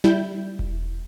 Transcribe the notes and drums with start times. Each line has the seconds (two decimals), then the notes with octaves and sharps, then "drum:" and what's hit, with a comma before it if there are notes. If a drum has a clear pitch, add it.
0.04 G3 E4 G6
0.59 drum: kick E1